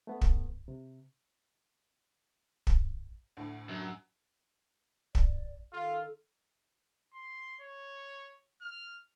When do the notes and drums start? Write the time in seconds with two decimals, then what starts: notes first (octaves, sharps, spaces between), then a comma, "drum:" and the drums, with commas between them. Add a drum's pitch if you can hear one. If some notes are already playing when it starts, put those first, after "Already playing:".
0.07 A3 B3
0.21 drum: kick
0.68 C3
2.67 drum: kick
3.37 D2 A2
3.69 F#2
5.15 D5, drum: kick
5.73 D#3 F4 A4 F5
7.14 C6
7.61 C#5
8.61 F6